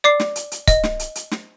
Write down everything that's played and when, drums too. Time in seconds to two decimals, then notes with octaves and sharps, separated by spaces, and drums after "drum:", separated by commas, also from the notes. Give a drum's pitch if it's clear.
0.04 D5 D6 C7
0.20 drum: snare
0.36 drum: hi-hat
0.52 drum: hi-hat
0.68 D#5, drum: kick, hi-hat
0.84 drum: snare
0.99 drum: hi-hat
1.15 drum: hi-hat
1.31 drum: snare